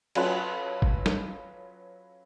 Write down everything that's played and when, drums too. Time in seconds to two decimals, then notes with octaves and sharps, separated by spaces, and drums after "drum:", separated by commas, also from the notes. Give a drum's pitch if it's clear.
0.15 F#3 C#4 F4 A4 B4, drum: cymbal
0.82 drum: kick G1
1.06 drum: snare